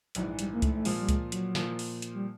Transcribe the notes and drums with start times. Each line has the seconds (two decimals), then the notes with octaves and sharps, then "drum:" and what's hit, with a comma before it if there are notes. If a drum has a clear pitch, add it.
0.15 A#1 G#2 E3 F#3, drum: hi-hat
0.39 G3, drum: hi-hat
0.54 A#3
0.62 A3, drum: kick C#2, hi-hat
0.75 A3
0.85 A#2 F3 G#3 A#3, drum: open hi-hat
1.00 G3
1.09 G#3, drum: kick C#2, hi-hat
1.32 F#3, drum: hi-hat
1.55 A#2 F3 A#3, drum: snare
1.79 drum: open hi-hat
2.02 drum: hi-hat
2.14 G3